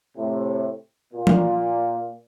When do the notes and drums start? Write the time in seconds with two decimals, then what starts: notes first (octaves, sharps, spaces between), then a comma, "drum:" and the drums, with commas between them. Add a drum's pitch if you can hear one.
0.17 A2 C3
1.13 A#2
1.27 drum: tom F3